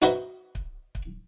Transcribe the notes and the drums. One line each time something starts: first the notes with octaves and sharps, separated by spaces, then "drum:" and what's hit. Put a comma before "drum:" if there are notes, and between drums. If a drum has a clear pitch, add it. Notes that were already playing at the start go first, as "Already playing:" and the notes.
D#4 F#4 B4 C5 D#5 E5
drum: kick C#1
drum: kick C#1